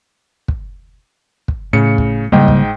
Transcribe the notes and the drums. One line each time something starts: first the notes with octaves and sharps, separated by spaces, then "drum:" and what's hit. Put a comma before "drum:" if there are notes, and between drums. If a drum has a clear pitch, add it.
drum: kick
drum: kick
A2 C#3 C#7
drum: kick
G#2 C#3 G3 A#3 D#5 G5
drum: kick